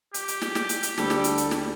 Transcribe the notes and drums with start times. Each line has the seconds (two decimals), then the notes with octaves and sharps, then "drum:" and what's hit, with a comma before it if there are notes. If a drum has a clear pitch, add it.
0.14 G4, drum: hi-hat
0.28 drum: hi-hat
0.42 drum: snare
0.55 drum: snare
0.69 drum: hi-hat
0.83 drum: hi-hat
0.98 D2 G3 A4, drum: snare
1.10 drum: snare
1.24 drum: hi-hat
1.38 drum: hi-hat
1.51 drum: snare